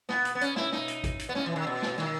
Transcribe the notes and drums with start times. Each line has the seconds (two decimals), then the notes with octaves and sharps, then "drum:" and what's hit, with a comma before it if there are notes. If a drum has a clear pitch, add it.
0.09 B3, drum: snare
0.25 drum: hi-hat
0.35 B3
0.41 C#4, drum: hi-hat
0.56 E4, drum: snare
0.72 D#4, drum: snare
0.88 drum: hi-hat
1.04 drum: kick G#1, hi-hat
1.19 drum: hi-hat
1.29 B3
1.35 C#4, drum: snare
1.46 E3
1.56 D#3
1.67 B2
1.82 drum: snare
1.98 D#3, drum: snare